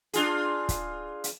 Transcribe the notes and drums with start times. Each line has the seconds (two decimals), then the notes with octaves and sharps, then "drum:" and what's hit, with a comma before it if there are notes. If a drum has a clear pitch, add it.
0.13 D4 F4 G#4, drum: hi-hat
0.69 drum: kick, hi-hat
1.24 drum: hi-hat